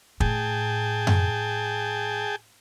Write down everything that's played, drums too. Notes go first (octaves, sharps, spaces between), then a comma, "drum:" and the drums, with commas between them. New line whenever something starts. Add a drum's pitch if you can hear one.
A2 G#4 G5 A5, drum: kick
drum: tom F#2